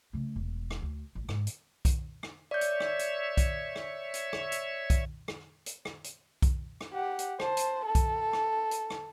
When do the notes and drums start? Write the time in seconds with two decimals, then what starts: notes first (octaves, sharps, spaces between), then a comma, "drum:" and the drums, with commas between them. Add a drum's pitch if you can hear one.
0.13 C#3 A3
0.36 E1
0.71 drum: rim click
0.82 D2
1.15 A1
1.29 G#2, drum: rim click
1.47 drum: hi-hat
1.85 drum: kick B1, hi-hat
2.23 drum: rim click
2.51 C#5 D5 E5 G6
2.61 drum: hi-hat
2.80 drum: rim click
2.99 drum: hi-hat
3.37 drum: kick B1, hi-hat
3.76 drum: rim click
4.14 drum: hi-hat
4.33 drum: rim click
4.52 drum: hi-hat
4.90 drum: kick B1, hi-hat
5.28 drum: rim click
5.66 drum: hi-hat
5.85 drum: rim click
6.04 drum: hi-hat
6.42 drum: kick B1, hi-hat
6.81 drum: rim click
6.93 G4 F#5
7.19 drum: hi-hat
7.40 C5 A5, drum: rim click
7.57 drum: hi-hat
7.85 A4
7.95 drum: kick B1, hi-hat
8.33 drum: rim click
8.71 drum: hi-hat
8.90 drum: rim click